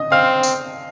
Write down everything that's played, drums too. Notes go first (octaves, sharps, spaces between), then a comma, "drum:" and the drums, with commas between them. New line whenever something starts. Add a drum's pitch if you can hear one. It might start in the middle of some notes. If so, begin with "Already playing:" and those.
Already playing: D#5 D#6
C4 F5 F6
drum: tambourine